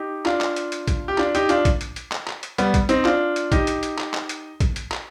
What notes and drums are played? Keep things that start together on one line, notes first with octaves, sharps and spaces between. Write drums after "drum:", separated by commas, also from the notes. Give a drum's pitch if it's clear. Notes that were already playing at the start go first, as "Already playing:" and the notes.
Already playing: D#4 G4
D4 F4, drum: clap
drum: clap
drum: hi-hat
drum: hi-hat
drum: kick A#1, hi-hat
G4
D4 F4, drum: clap
D#4 G4, drum: hi-hat
D4 F4, drum: hi-hat
drum: kick A#1, hi-hat
drum: hi-hat
drum: hi-hat
drum: clap
drum: clap
drum: hi-hat
G3 B3, drum: hi-hat
drum: kick A#1, hi-hat
C4 D#4, drum: hi-hat
D4 F4, drum: clap
drum: hi-hat
D#4 G4, drum: kick A#1, hi-hat
drum: hi-hat
drum: hi-hat
drum: clap
drum: clap
drum: hi-hat
drum: kick A#1, hi-hat
drum: hi-hat
drum: clap